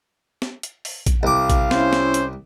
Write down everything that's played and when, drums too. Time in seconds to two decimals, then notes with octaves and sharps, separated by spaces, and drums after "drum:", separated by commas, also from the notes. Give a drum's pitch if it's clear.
0.42 drum: snare
0.63 drum: hi-hat
0.85 drum: open hi-hat
1.06 drum: kick A#1, hi-hat
1.23 C2 F5 D6
1.50 drum: kick A#1, hi-hat
1.71 C#4 E4 C5, drum: snare
1.93 drum: snare
2.14 drum: hi-hat